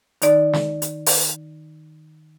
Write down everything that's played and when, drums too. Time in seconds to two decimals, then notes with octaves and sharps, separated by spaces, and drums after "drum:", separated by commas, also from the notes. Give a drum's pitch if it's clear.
0.22 D#3 D#4 D5, drum: hi-hat
0.53 drum: snare
0.82 drum: hi-hat
1.06 drum: open hi-hat